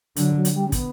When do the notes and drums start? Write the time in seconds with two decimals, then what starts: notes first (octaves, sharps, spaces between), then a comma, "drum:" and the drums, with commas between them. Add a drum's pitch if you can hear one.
0.16 D3 F#3, drum: hi-hat
0.36 F#3
0.45 drum: hi-hat
0.54 G3
0.68 C#4
0.72 B3, drum: kick, hi-hat